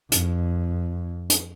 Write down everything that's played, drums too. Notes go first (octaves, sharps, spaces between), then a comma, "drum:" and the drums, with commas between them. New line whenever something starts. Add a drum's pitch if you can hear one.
F2, drum: hi-hat
drum: hi-hat